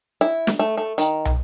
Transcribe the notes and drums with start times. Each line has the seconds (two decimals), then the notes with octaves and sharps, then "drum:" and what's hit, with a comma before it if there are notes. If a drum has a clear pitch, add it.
0.21 E4
0.47 drum: snare
0.59 A3
0.77 A3
0.98 D#3, drum: hi-hat
1.25 drum: tom